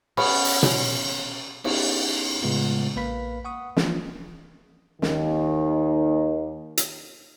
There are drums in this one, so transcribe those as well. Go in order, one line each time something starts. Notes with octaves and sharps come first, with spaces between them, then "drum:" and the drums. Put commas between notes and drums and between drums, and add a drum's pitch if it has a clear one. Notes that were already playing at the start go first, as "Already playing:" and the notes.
B3 C#4 C#5, drum: cymbal
drum: open hi-hat
drum: tom B2
B3 C#4 D#4 E4 G4 G#4, drum: cymbal
A2 C#3 G#3 B3 F4
A#1 A#3 B4 F5 B5 B6
F#5 C#6 D#6
E3 F3 A#3 C#4 D4 F4, drum: snare
D#2 D#3, drum: snare
drum: hi-hat